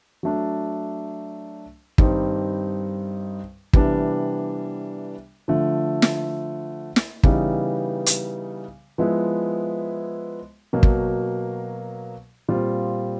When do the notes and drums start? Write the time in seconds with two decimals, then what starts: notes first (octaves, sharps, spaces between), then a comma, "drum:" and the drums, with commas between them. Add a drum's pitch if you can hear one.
0.23 F#3 A3 D4
1.98 G2 D#3 G3 C4 D#4, drum: kick
3.73 C3 E3 G3 B3 D4, drum: kick
5.48 D3 F3 A3
6.02 drum: snare
6.96 drum: snare
7.23 C#3 E3 G3 B3 D#4, drum: kick
8.06 drum: hi-hat
8.98 F3 G#3 B3 E4
10.73 B2 F#3 A#3
10.83 drum: kick
12.48 A#2 G3 C4 F4